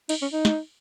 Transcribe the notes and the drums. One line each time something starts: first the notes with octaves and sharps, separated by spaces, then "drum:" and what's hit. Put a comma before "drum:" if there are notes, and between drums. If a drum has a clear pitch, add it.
D#4, drum: cymbal
C#4
D#4
drum: snare